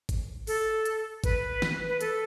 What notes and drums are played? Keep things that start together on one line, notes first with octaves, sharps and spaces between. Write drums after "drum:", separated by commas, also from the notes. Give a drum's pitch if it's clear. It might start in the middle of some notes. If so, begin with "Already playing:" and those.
drum: kick G#1, hi-hat
A4, drum: open hi-hat
drum: hi-hat
B4, drum: kick G#1, hi-hat
drum: snare
B4
A4, drum: hi-hat